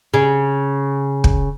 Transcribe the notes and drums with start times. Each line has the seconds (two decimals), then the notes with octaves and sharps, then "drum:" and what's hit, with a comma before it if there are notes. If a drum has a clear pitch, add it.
0.14 C#3
1.24 drum: kick